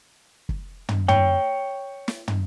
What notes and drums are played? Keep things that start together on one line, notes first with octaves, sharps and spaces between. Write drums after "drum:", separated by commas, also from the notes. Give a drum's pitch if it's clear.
drum: kick
drum: tom
C#5 G5, drum: tom
drum: snare
drum: tom